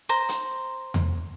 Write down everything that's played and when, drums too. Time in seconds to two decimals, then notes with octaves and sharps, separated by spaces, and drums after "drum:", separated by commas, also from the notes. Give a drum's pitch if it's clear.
0.09 C5 A#5
0.29 drum: hi-hat
0.94 drum: tom E2